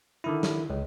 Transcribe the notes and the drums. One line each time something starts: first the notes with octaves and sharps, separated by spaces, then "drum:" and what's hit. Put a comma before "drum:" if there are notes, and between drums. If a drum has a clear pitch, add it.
D3 D#3 E4
drum: snare
C#2